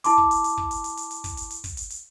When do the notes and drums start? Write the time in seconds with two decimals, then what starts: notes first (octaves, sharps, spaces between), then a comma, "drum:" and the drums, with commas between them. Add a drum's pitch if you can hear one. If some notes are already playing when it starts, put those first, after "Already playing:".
0.04 E4 A5 C6 D6, drum: hi-hat
0.18 drum: kick
0.31 drum: hi-hat
0.44 drum: hi-hat
0.57 drum: kick
0.71 drum: hi-hat
0.84 drum: hi-hat
0.97 drum: hi-hat
1.11 drum: hi-hat
1.24 drum: kick, hi-hat
1.37 drum: hi-hat
1.50 drum: hi-hat
1.64 drum: kick, hi-hat
1.77 drum: hi-hat
1.90 drum: hi-hat